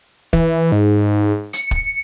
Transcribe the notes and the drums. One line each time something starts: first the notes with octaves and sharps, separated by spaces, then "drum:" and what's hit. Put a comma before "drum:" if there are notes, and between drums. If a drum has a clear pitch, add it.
E3, drum: kick
G#2
C#7, drum: hi-hat
drum: kick